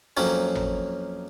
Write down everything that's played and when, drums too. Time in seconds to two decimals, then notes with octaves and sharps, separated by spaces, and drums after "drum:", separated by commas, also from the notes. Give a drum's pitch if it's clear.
0.17 F2 F#3 A#3 C#4
0.55 drum: tom G#1